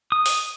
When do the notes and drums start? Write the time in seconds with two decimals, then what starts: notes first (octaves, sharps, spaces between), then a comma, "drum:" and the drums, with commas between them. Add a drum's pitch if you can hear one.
0.12 D#6
0.26 drum: open hi-hat